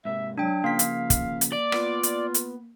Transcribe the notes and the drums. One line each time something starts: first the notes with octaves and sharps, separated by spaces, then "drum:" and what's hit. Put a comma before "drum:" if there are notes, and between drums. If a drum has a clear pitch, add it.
G#2 C3 A#3 E5
F#3 D4 G5
C#3 F3 A#3 F5 B6
drum: hi-hat
drum: kick, hi-hat
drum: hi-hat
D5
B3 F4, drum: rim click
drum: hi-hat
drum: hi-hat